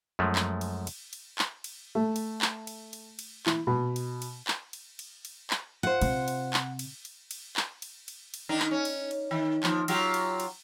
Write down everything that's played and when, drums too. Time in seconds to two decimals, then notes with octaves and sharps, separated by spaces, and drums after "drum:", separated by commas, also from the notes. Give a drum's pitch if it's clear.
0.19 F#2 F3 G#3 A3
0.36 drum: clap
0.61 drum: cymbal
0.87 drum: cymbal
1.13 drum: cymbal
1.38 drum: clap
1.64 drum: cymbal
1.95 A3
2.16 drum: cymbal
2.41 drum: clap
2.67 drum: cymbal
2.93 drum: cymbal
3.19 drum: cymbal
3.46 E3, drum: clap
3.67 B2
3.96 drum: cymbal
4.22 drum: cymbal
4.47 drum: clap
4.73 drum: cymbal
4.99 drum: cymbal
5.25 drum: cymbal
5.50 drum: clap
5.83 F4 C5 F#5
6.01 C3, drum: cymbal
6.28 drum: cymbal
6.53 drum: clap
6.79 drum: cymbal
7.05 drum: cymbal
7.31 drum: cymbal
7.56 drum: clap
7.82 drum: cymbal
8.08 drum: cymbal
8.34 drum: cymbal
8.49 D#3 D4 D#4
8.59 drum: clap
8.71 C#4
8.85 drum: cymbal
9.11 drum: cymbal
9.31 D#3
9.63 D#2 F3, drum: clap
9.88 F#3 F4 G4, drum: cymbal
10.14 drum: cymbal
10.40 drum: cymbal